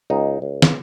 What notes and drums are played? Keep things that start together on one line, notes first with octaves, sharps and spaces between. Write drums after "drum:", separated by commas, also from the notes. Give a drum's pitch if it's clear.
C#2 D#4
C#2
drum: snare